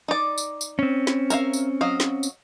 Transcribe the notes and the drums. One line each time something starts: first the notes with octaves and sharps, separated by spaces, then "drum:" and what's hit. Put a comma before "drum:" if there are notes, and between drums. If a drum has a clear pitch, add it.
D#4 D5
drum: tambourine
drum: tambourine
C4 C#4
drum: snare
A#4 E5 F5, drum: tambourine
drum: tambourine
F#3 D#5 F5
drum: snare
drum: tambourine